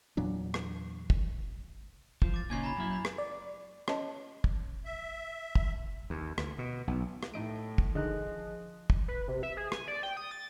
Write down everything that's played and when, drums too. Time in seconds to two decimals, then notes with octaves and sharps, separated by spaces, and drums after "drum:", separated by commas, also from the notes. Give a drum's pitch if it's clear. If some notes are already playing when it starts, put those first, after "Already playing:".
0.17 E2 A#2 F#3 D4
0.54 drum: rim click
1.10 drum: kick
2.22 F3, drum: kick
2.34 D6 A6
2.50 A#2 C#3 D#4 G#5 G#6 C7
2.64 A#5 B5
2.77 F#2 E4
2.91 B5 G6
3.05 drum: rim click
3.18 D5
3.88 C#4 C#5 D#5 A5, drum: rim click
4.44 drum: kick
4.85 E5
5.55 drum: kick
6.10 D#2
6.38 D2, drum: rim click
6.58 B2
6.87 B1
7.23 drum: rim click
7.34 A2 D#4 D#5 D7
7.78 drum: kick
7.95 D3 D#3 F3 G#4 D#5 F#6
8.90 drum: kick
9.08 B4
9.28 C3
9.43 E5
9.57 G#4
9.72 G#5, drum: rim click
9.88 D5
10.03 G5
10.17 D#6
10.31 A6